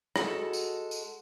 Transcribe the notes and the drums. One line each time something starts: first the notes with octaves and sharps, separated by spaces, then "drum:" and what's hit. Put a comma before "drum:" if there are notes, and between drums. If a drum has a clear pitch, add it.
G#3 F#4 A4, drum: rim click
drum: tambourine
drum: tambourine